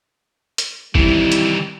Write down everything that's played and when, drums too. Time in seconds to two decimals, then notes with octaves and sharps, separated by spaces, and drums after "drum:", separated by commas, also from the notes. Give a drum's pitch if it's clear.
0.58 drum: hi-hat
0.95 D#3 E3 G3 C4 E4, drum: kick G1
1.32 drum: hi-hat